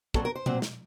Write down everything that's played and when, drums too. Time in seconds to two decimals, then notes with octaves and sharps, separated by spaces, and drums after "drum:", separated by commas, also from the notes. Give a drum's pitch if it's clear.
0.14 A#2 F#3 C4 A4, drum: kick
0.25 A#4
0.35 C5
0.46 A#2 F#3 C4, drum: tom B2
0.62 drum: snare